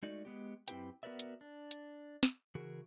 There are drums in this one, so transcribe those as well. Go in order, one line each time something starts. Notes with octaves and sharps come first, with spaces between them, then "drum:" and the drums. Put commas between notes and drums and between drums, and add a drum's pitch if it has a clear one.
G#3 A3 D#4 F#4 D5
G#3 B3 G4
F#2 C4 E4 G4 B4 G5, drum: hi-hat
B3 F#4 A#4 B4 D5 E5
drum: hi-hat
D4
drum: hi-hat
drum: snare
C#3 E3 F#4 G#4 A#4